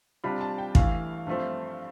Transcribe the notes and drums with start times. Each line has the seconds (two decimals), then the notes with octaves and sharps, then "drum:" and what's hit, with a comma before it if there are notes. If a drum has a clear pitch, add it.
0.24 C3 G3 D4 F4 B5
0.41 A5
0.58 G5
0.75 G2 E3 A3 F5, drum: kick
1.27 G2 F3 A3 C4